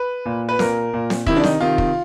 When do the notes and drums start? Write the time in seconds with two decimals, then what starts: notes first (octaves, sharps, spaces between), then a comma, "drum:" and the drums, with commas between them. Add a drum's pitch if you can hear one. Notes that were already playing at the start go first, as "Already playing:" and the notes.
Already playing: B4
0.25 A#2
0.49 B4
0.59 A#2 A#4, drum: snare C4
0.93 A#2
1.10 drum: snare C4
1.26 C3 D#3 E4, drum: kick
1.36 D4
1.43 D#4, drum: snare C4
1.60 C3 D#3 F4
1.78 drum: kick